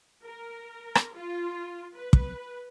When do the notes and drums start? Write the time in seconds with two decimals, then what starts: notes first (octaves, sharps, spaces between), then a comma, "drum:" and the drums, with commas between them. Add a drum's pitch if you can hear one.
0.24 A#4
0.95 drum: rim click
1.15 F4
1.94 B4
2.13 drum: kick